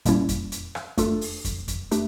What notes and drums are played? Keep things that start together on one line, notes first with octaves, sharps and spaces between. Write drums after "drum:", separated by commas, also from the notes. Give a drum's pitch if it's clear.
A#2 G3 A#3 C#4 E4, drum: kick F2, hi-hat
drum: kick F2, hi-hat
drum: hi-hat
drum: rim click
A3 D4 F4 A4, drum: kick F2, hi-hat
drum: open hi-hat
drum: kick F2, hi-hat
drum: kick F2, hi-hat
A3 D4 G4, drum: hi-hat